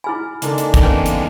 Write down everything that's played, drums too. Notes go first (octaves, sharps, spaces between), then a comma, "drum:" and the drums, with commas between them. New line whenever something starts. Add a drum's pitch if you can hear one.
E4 G#4 G#5 B5 F6
C#3 G#3 A#3 D4 D#4 A4, drum: hi-hat
drum: hi-hat
drum: kick, hi-hat
E2 C#4 B4 G5
drum: hi-hat